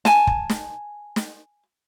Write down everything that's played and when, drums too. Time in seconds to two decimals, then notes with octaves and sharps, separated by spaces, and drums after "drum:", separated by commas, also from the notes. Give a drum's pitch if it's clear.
0.05 G#5 A5, drum: snare
0.27 drum: kick
0.50 drum: snare
1.16 drum: snare